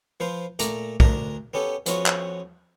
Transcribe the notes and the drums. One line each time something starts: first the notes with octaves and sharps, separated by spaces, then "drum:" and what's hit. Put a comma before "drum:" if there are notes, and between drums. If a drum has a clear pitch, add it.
F3 B4 C5 F5
A#2 A3 A#5 D6, drum: hi-hat
D2 D4 A#4 A5 A#5, drum: kick
B3 C#4 G4 A4
F2 B3 C#4 F4 F#4, drum: hi-hat
drum: clap